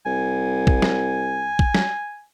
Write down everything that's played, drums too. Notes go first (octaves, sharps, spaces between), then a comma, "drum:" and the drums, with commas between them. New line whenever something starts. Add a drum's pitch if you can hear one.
C2 G#5
drum: kick
drum: snare
drum: kick
drum: snare